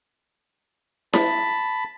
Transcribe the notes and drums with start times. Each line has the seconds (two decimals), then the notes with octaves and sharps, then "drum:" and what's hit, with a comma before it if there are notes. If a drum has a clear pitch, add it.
1.13 A5 B5, drum: snare E4